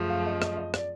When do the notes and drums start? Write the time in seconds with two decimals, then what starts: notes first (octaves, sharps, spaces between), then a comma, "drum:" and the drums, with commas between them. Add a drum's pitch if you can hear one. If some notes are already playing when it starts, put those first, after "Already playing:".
Already playing: F#2 C#3 F3 A3
0.10 F5
0.26 D#5
0.42 D#5, drum: rim click
0.57 D#5
0.74 D5, drum: rim click